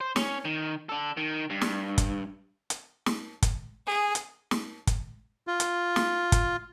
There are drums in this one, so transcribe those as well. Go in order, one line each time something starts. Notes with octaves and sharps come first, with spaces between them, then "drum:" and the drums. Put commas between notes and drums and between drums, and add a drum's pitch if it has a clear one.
C5
C#4, drum: snare
D#3
D4 A4
D#3
G2
drum: snare
drum: kick, hi-hat
drum: hi-hat
drum: snare
drum: kick, hi-hat
G#4
drum: hi-hat
drum: snare
drum: kick, hi-hat
F4
drum: hi-hat
drum: snare
drum: kick, hi-hat